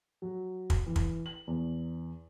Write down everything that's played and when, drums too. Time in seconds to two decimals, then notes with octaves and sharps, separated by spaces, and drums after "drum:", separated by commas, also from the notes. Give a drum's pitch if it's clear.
0.22 F#3
0.70 drum: kick
0.86 E3
0.96 drum: kick
1.26 F#7
1.47 E2